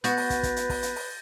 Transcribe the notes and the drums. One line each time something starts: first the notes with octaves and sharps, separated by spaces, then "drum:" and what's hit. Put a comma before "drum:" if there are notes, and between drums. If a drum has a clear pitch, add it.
B3 F#4 B4 G6 A6 A#6, drum: hi-hat
drum: open hi-hat
drum: kick, hi-hat
drum: kick, hi-hat
drum: hi-hat
drum: kick, open hi-hat
drum: hi-hat
drum: open hi-hat